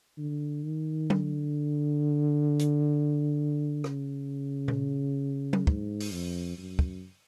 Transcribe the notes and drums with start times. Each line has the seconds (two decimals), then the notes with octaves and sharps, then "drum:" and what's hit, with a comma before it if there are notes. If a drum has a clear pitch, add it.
0.18 D3
0.64 D#3
1.10 D3, drum: tom F#3
2.59 drum: hi-hat
3.84 C#3, drum: rim click
4.68 drum: tom A#2
5.53 drum: tom F#3
5.67 G#2, drum: kick
6.00 drum: open hi-hat
6.13 F2
6.58 F#2
6.79 drum: kick